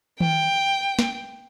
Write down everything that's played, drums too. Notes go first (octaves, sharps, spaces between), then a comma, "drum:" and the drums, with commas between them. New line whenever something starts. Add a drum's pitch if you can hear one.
G5, drum: tom D#3
drum: snare